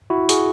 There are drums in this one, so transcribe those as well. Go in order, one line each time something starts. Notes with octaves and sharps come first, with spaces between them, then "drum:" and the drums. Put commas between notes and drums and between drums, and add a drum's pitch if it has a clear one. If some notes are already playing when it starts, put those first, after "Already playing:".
E4 F#4
F#4 G#4, drum: hi-hat